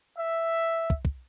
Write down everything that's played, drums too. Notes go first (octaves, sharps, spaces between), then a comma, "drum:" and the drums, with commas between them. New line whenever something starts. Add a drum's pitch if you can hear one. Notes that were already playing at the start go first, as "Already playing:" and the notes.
E5
drum: kick
drum: kick